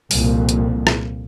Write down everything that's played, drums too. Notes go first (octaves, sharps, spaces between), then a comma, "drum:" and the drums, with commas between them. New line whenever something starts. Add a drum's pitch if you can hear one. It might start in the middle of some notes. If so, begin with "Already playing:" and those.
C2 F2 A#2, drum: open hi-hat
drum: hi-hat
drum: rim click